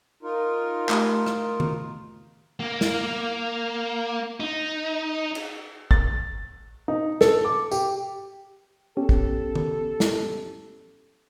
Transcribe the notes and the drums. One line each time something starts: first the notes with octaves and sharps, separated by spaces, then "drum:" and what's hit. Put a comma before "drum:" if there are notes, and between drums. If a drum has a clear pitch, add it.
D#4 F4 A#4
A3 G4, drum: clap
drum: rim click
drum: tom D#3
A#3
drum: snare
D#4
drum: cymbal
A6, drum: kick
D#4
A4, drum: snare
D6
G4, drum: tambourine
B3 C#4 G4 A4
drum: kick
drum: tom D#3
drum: snare